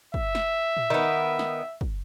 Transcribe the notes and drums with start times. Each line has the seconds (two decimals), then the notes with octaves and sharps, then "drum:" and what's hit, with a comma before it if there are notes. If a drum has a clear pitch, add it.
0.14 E5, drum: kick
0.35 drum: snare
0.77 drum: tom A2
0.90 D#3 B3
1.39 drum: snare
1.81 drum: kick